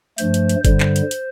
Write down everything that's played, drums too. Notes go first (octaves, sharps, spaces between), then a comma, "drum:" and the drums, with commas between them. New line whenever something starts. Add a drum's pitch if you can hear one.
G2 F3 A3 C5, drum: hi-hat
drum: hi-hat
drum: hi-hat
G2 D3 G3 C5, drum: kick F#1, hi-hat
drum: clap
drum: hi-hat
drum: hi-hat